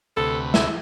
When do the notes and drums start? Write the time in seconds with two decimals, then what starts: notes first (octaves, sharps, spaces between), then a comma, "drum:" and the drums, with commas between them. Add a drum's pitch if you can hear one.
0.17 D2 C3 A4 B4
0.54 E5, drum: snare